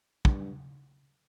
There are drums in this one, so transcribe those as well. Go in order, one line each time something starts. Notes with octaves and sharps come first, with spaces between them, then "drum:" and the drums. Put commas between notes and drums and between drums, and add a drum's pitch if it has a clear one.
G2, drum: kick